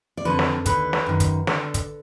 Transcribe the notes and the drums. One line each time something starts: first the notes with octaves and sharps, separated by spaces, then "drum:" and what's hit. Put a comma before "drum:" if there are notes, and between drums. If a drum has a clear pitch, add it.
D5
F2 D3 B4
drum: snare
D#2 D3 B4, drum: kick, hi-hat
drum: snare
F#2 D#3
drum: kick, hi-hat
D3 D5, drum: snare
drum: kick, hi-hat